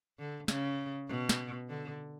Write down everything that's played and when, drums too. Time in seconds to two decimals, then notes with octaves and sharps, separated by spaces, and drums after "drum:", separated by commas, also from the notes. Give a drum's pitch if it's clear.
0.19 D3
0.48 C#3, drum: snare
1.09 B2
1.29 drum: snare
1.69 D3